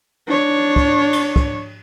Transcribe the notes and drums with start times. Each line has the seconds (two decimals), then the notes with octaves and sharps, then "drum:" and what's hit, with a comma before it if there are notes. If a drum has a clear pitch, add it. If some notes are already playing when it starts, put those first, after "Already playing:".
0.27 D4 C#5
0.76 drum: kick
1.13 drum: cymbal
1.36 drum: kick